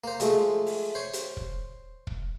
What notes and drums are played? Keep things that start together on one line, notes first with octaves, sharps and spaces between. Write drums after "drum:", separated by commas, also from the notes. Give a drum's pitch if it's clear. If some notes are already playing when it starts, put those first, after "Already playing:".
A#3 C5
F3 G#3 A3, drum: hi-hat
drum: open hi-hat
C5 C#5
drum: hi-hat
drum: kick
drum: kick